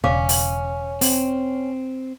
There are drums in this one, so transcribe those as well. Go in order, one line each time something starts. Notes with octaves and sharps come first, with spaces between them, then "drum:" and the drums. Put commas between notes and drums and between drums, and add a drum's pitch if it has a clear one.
E1 C#3 C#4 F5 D6
drum: open hi-hat
C4, drum: open hi-hat